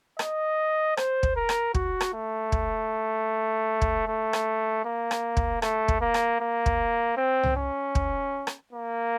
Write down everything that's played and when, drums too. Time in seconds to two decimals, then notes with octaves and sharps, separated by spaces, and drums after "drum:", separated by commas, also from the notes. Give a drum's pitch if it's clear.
0.19 D#5, drum: rim click
0.97 C5, drum: rim click
1.23 drum: kick
1.36 A#4
1.49 drum: rim click
1.75 F#4, drum: kick
2.01 drum: rim click
2.13 A3
2.52 drum: kick
3.82 drum: kick
4.07 A3
4.33 drum: rim click
4.85 A#3
5.11 drum: rim click
5.37 drum: kick
5.62 A3, drum: rim click
5.88 drum: kick
6.01 A#3
6.14 drum: rim click
6.40 A#3
6.66 drum: kick
7.17 C4
7.43 drum: tom C2
7.56 C#4
7.95 drum: kick
8.47 drum: rim click
8.73 A#3